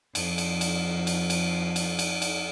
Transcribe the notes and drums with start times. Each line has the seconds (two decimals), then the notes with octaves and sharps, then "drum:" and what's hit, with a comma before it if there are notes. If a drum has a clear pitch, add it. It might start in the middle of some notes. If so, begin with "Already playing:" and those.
0.15 F2 F3, drum: cymbal
0.38 drum: cymbal
0.61 drum: cymbal
1.07 drum: cymbal
1.30 drum: cymbal
1.76 drum: cymbal
1.99 drum: cymbal
2.22 drum: cymbal